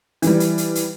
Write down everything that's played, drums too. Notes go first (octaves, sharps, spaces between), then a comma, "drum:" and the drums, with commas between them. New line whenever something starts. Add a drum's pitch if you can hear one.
E3 G3, drum: hi-hat
drum: hi-hat
drum: hi-hat
drum: hi-hat